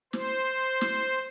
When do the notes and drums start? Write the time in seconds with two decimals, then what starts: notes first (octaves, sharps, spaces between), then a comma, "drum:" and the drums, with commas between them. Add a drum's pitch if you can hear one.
0.13 C5, drum: snare
0.81 drum: snare